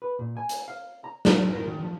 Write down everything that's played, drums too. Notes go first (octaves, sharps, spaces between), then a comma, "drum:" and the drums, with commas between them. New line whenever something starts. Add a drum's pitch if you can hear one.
B4
A#2
G#5
drum: hi-hat
F5
A#5
A#4, drum: snare
F#3
A#4
D#3
F3